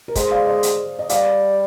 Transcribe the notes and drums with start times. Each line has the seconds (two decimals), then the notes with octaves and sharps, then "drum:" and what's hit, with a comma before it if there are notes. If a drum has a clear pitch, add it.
0.08 A#4
0.15 G#3 G#4 C5, drum: kick, hi-hat
0.31 D5 F5
0.47 C5 D#5
0.63 drum: hi-hat
0.99 D#5
1.09 G3 D5 F5, drum: hi-hat